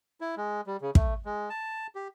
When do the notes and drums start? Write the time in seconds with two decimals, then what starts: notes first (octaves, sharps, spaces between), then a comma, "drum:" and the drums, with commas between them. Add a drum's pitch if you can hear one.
0.21 E4
0.37 G#3
0.67 G3
0.81 C#3
0.95 A3, drum: kick
1.25 G#3
1.50 A5
1.95 G4